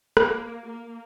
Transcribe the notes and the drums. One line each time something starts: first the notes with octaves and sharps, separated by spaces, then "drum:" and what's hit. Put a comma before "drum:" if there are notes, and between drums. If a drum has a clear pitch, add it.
A#3, drum: rim click
A#3